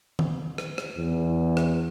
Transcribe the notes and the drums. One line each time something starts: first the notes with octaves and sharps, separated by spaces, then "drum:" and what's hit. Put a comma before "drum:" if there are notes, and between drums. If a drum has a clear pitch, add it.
drum: tom
drum: rim click
drum: rim click
E2
drum: rim click